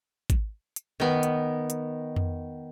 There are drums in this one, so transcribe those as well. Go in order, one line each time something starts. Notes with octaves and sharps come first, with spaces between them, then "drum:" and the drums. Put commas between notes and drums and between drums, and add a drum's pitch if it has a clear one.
drum: kick G#1, hi-hat
drum: hi-hat
D#3 B3
drum: hi-hat
drum: hi-hat
drum: tom F2